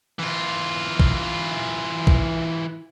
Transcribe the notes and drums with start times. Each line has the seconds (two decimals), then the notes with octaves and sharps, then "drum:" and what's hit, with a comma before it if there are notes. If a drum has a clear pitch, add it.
0.19 E3 F4
1.00 drum: kick
2.07 drum: kick